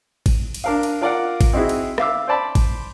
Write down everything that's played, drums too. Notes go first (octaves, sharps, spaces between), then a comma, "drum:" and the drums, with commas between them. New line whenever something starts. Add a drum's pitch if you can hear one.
drum: kick G#1, cymbal
drum: cymbal
D4 A#4 F5
drum: cymbal
F4 A#4 D5 F5 F#5
drum: kick G#1, cymbal
C4 D#4 E4 F#4 G#4
drum: cymbal
E5 F5 D6 E6, drum: rim click
C5 D5 A5 B5
drum: kick G#1, cymbal